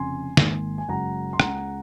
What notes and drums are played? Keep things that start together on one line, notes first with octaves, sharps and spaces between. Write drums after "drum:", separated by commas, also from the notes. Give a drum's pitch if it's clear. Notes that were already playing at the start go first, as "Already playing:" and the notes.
Already playing: F1 F2 C#3 G#5 C6
G#1 G#2 D#3 A#3, drum: snare
G#5
F#1 F#2 C#3 G#3 F#5 A#5
C6
C#2 C#3 G#3 F#5 A#5, drum: rim click